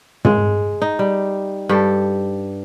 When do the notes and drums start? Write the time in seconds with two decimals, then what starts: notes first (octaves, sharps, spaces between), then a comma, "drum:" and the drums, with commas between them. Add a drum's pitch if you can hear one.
0.25 G#3, drum: tom
0.82 D#4
0.99 G3
1.69 G2 G4 A4